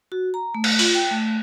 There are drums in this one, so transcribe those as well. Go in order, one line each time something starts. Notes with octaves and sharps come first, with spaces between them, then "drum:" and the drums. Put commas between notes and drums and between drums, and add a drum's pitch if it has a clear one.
F#4
A#5
A3
drum: cymbal
F4, drum: open hi-hat
G5
A3